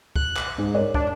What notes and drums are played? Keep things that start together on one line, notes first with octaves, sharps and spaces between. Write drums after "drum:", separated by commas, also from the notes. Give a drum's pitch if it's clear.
F#6, drum: kick
drum: clap
G#2
A#4 C#5 D5
D4, drum: kick